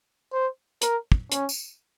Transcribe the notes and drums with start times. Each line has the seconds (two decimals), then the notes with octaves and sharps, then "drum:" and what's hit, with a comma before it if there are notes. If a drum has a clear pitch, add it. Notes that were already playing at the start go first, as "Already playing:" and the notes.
0.33 C5
0.82 A#4, drum: hi-hat
1.12 drum: kick
1.32 C#4, drum: hi-hat
1.49 drum: tambourine